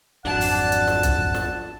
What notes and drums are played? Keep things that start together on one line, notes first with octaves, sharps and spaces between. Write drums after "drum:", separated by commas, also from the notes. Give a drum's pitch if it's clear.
G#1 F2 F#3 D4 F#5 A5
drum: open hi-hat
drum: hi-hat
drum: snare
drum: kick B1, hi-hat
drum: snare